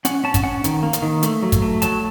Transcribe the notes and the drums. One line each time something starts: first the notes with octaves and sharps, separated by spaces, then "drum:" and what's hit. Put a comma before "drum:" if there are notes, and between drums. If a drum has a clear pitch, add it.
C#4 F#5, drum: hi-hat
C#4 A5
drum: kick, hi-hat
C#4 F#5
D#3, drum: hi-hat
A#3
drum: hi-hat
D#3
A3, drum: hi-hat
F#3
drum: kick, hi-hat
A3
F#3 A5, drum: hi-hat